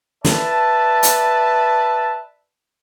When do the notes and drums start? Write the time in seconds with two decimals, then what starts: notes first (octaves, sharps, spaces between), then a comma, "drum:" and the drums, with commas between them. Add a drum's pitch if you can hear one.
0.24 B4 D5 E5 A5, drum: snare
1.03 drum: hi-hat